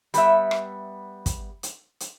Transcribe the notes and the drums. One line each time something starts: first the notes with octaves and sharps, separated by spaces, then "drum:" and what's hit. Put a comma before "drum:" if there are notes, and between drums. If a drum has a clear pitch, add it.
G3 B3 E5, drum: hi-hat
drum: rim click
drum: kick, hi-hat
drum: hi-hat
drum: hi-hat